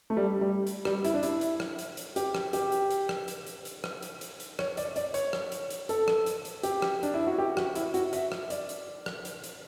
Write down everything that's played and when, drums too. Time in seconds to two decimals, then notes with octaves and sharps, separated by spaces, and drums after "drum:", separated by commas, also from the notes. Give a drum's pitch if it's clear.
0.10 A3
0.17 G3
0.41 G3
0.67 drum: hi-hat
0.85 G3, drum: rim click
1.05 E4, drum: hi-hat
1.14 D4
1.23 E4, drum: hi-hat
1.41 drum: hi-hat
1.60 drum: rim click
1.79 drum: hi-hat
1.97 drum: hi-hat
2.16 G4, drum: hi-hat
2.35 drum: rim click
2.53 G4, drum: hi-hat
2.72 drum: hi-hat
2.91 drum: hi-hat
3.09 drum: rim click
3.28 drum: hi-hat
3.47 drum: hi-hat
3.65 drum: hi-hat
3.84 drum: rim click
4.02 drum: hi-hat
4.21 drum: hi-hat
4.40 drum: hi-hat
4.59 C#5, drum: rim click
4.77 D5, drum: hi-hat
4.96 D5, drum: hi-hat
5.14 C#5, drum: hi-hat
5.33 drum: rim click
5.52 drum: hi-hat
5.70 drum: hi-hat
5.89 A4, drum: hi-hat
6.08 drum: rim click
6.26 drum: hi-hat
6.45 drum: hi-hat
6.63 G4, drum: hi-hat
6.82 drum: rim click
7.03 D4, drum: hi-hat
7.14 E4
7.27 F#4
7.38 G4
7.57 F#4, drum: rim click
7.75 E4, drum: hi-hat
7.94 F#4, drum: hi-hat
8.13 E5, drum: hi-hat
8.32 drum: rim click
8.50 D5, drum: hi-hat
8.69 drum: hi-hat
9.06 drum: rim click
9.25 drum: hi-hat
9.44 drum: hi-hat